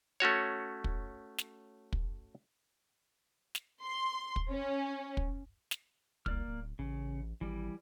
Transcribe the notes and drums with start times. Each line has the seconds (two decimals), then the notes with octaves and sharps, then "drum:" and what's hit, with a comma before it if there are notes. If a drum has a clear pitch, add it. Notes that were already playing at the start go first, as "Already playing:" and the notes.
0.20 A3 C#4 F#4 C#5
0.84 drum: kick
1.38 drum: snare
1.93 drum: kick
3.55 drum: snare
3.82 C6
4.36 drum: kick
4.52 C#4
5.17 drum: kick
5.71 drum: snare
6.26 C2 A#3 D5 F6, drum: kick
6.47 D1
6.79 A1 C#3
7.41 G#1 E3 G3